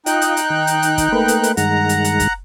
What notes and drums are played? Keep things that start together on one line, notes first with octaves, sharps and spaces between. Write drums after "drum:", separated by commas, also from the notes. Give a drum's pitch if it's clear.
D#4 F4 D#5 G5 F#6, drum: hi-hat
drum: hi-hat
drum: hi-hat
D#3
drum: hi-hat
drum: hi-hat
drum: kick, hi-hat
A3 A#3 B4
drum: hi-hat
drum: hi-hat
G2 D#3 G#3 F#5 A#5, drum: hi-hat
drum: hi-hat
drum: hi-hat
drum: kick, hi-hat